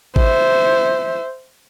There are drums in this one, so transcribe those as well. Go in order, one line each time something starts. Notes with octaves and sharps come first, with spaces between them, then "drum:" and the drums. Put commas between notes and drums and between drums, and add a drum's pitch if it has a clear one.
C5 E5, drum: kick G#1